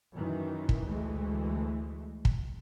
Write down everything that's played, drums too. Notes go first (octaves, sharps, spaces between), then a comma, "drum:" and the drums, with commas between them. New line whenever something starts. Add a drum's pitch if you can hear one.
F#2 D#3 E3
drum: kick
D2 E3 G#3 A3
drum: kick